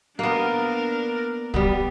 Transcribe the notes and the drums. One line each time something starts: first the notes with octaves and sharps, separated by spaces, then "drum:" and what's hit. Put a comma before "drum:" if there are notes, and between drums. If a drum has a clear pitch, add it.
A#3 B3 D4 A#4
G3 B3, drum: kick C2